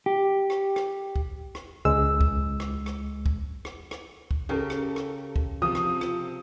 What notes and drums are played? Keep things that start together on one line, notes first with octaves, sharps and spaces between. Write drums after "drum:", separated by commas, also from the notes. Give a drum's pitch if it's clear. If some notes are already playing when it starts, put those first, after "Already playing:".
G4
drum: rim click
drum: rim click
drum: kick
drum: rim click
C#2 G#3 E6
drum: kick
drum: rim click
drum: rim click
drum: kick
drum: rim click
drum: rim click
drum: kick
C#3 G4 A4 A#4
drum: rim click
drum: rim click
drum: kick
C3 F3 D#6
drum: rim click
drum: rim click